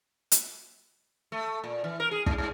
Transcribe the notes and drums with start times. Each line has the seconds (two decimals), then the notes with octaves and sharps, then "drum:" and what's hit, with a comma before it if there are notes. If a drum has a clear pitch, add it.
0.32 drum: hi-hat
1.32 A3
1.64 A#2
1.84 E3
2.00 A#4
2.11 G#4
2.26 G#2, drum: kick
2.38 G#2